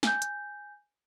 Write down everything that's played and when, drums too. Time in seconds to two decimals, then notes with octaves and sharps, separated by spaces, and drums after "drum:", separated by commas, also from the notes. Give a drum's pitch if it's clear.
0.03 G#5 G6, drum: snare
0.22 drum: hi-hat